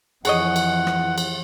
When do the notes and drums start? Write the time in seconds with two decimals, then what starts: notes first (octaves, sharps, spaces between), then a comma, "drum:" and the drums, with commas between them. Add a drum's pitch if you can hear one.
0.25 F2 E3 G#4 C#5 D#5 F#5, drum: cymbal
0.56 drum: cymbal
0.87 drum: rim click
1.18 drum: cymbal